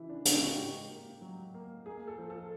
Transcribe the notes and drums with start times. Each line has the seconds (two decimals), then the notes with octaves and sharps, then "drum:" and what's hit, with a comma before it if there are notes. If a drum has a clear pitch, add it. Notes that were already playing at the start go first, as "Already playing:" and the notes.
Already playing: C#3 E3 E4
0.09 D4
0.25 C#3 D#4, drum: hi-hat
0.35 G4
0.42 F#4
0.57 G#2 G4
0.89 A#3
1.21 F#3
1.54 A#3
1.86 A#3 G#4
2.08 A4
2.18 F3
2.30 A4